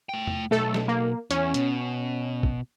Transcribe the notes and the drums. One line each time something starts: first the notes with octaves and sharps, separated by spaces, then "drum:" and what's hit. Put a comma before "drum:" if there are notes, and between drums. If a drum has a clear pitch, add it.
A3 G5
drum: tom E2
B1 A3 A4
drum: snare
A#3
E2 E3 C#4, drum: hi-hat
B2, drum: hi-hat
drum: kick